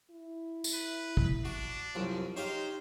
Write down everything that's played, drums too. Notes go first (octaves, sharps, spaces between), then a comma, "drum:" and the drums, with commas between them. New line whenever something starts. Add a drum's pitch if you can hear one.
E4
drum: tambourine
B4
drum: kick
D4 F#4
C2 F#2 F3
D#4 F4 G4 C5 C#5